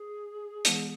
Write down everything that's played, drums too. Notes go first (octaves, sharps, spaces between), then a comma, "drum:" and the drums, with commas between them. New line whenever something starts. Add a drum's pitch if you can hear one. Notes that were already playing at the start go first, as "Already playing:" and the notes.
Already playing: G#4
E3 G#3 B3 E4, drum: hi-hat